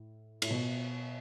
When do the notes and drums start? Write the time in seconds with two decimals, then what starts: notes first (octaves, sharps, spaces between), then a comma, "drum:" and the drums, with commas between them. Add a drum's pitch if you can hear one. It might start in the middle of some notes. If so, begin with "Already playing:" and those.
Already playing: A2
0.42 A2, drum: cymbal
0.51 B2